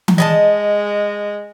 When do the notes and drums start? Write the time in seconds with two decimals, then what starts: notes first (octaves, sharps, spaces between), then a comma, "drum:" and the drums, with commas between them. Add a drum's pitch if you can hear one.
0.08 drum: tom E3
0.18 G#3 D#5 G#5 A5